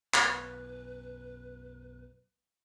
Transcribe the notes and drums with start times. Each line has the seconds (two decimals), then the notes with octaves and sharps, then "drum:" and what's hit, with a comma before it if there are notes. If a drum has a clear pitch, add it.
0.14 B1 F#2 B4, drum: clap